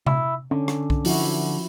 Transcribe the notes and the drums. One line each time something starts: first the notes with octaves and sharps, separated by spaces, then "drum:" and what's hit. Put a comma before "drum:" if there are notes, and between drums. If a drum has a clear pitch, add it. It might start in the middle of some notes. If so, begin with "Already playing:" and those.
E4, drum: tom C3
D3 C#4
drum: rim click
drum: kick B1
F3 E4 F#4, drum: open hi-hat